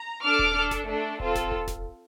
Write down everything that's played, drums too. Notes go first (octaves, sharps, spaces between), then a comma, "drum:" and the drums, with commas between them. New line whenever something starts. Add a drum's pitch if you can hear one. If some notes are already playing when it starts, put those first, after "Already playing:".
Already playing: A#5
D4 A4 D6 F6
drum: kick D#1
D4 A4
drum: snare F#1
A3 D4 A4
C4 F4 A4, drum: kick D#1
drum: snare F#1
drum: kick D#1
drum: snare F#1